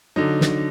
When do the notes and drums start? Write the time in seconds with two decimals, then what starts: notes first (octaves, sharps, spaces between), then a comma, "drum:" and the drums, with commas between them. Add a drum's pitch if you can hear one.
0.16 D3 F#3 D#4
0.41 drum: snare